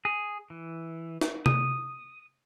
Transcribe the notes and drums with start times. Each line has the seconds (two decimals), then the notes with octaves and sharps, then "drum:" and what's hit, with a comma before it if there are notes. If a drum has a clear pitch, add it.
0.05 G#4
0.50 E3
1.21 drum: snare
1.46 D#6, drum: tom C3